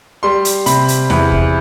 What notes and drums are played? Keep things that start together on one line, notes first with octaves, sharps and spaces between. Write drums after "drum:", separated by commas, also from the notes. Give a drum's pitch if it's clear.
G3 C6
drum: hi-hat
C3 B5, drum: hi-hat
drum: hi-hat
E2 B5, drum: snare
drum: kick